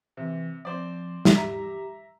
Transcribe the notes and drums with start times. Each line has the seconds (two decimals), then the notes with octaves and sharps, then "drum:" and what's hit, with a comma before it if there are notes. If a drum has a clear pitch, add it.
0.17 C3 E3
0.65 F3 C4 C5 D5
1.25 drum: snare
1.35 G4 E5 A#5